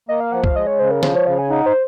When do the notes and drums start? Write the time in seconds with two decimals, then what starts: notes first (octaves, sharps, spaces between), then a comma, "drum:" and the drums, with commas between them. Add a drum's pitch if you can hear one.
0.09 A#3 D#5
0.20 F5
0.32 F3 F#5
0.44 F5, drum: kick
0.55 G#3 D#5
0.67 C#5
0.79 C#3 C5
0.91 A#4
1.03 F3 C5, drum: snare
1.15 C#5
1.27 C#3 F5
1.39 G#5
1.50 D#4 F#5
1.66 C5